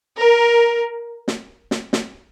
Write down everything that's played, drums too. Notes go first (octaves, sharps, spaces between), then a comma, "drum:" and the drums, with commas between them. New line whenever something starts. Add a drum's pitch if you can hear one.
A#4
drum: snare
drum: snare
drum: snare